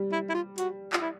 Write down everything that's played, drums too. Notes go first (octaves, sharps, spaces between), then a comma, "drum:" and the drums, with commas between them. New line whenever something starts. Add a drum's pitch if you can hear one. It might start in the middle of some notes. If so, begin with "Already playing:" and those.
Already playing: G3
E4
E4
F4
F#4, drum: hi-hat
F4, drum: clap
E4